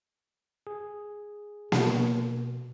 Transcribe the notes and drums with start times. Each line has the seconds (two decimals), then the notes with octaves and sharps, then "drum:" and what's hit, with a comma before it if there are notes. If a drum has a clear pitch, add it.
0.67 G#4
1.72 B2, drum: snare A#3